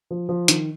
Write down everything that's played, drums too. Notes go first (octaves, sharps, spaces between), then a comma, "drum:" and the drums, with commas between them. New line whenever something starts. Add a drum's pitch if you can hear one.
F3
F3
D#3, drum: hi-hat